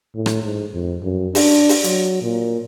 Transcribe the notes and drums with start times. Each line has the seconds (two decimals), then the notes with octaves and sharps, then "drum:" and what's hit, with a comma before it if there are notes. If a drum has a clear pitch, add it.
0.15 A2
0.26 drum: rim click
0.43 G#2
0.74 F2
1.03 F#2
1.35 D4, drum: open hi-hat
1.69 drum: open hi-hat
1.84 F#3, drum: hi-hat
2.22 A#2